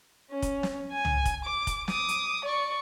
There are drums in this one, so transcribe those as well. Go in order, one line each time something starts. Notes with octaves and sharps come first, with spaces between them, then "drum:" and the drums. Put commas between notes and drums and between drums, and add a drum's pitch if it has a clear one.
C#4
drum: kick, hi-hat
drum: snare
G#5
drum: tom C2
drum: kick, hi-hat
D6
drum: kick, hi-hat
D6 D#6, drum: snare
drum: hi-hat
D5 C#6